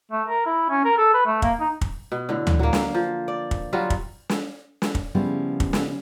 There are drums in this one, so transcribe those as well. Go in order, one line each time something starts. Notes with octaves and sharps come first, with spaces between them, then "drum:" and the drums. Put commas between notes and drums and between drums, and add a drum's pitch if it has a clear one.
A3
A#4
E4
C#4
A#4
A4
B4
A3
A#3, drum: kick
D#4
drum: kick
B2
A2 D3
drum: tom D2
F#3 A#3
drum: snare
F3
D5
drum: kick
F#3 G3 F4 F#4
drum: kick
drum: snare
drum: snare
drum: kick
C#3 F3 G3 B3 E4
drum: kick
drum: snare